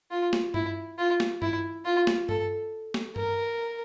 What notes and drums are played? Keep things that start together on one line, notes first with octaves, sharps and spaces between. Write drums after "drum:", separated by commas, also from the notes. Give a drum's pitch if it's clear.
F4
drum: snare
E4, drum: tom G2
F4
drum: snare
E4, drum: tom G2
F4
drum: snare
A4, drum: tom G2
drum: snare
A#4, drum: tom G2